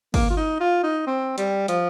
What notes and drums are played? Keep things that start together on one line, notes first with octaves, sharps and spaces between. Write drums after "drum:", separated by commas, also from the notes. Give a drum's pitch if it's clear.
A#3, drum: kick, open hi-hat
F4
D#4
F4
D#4
C4
G3, drum: hi-hat
F3, drum: hi-hat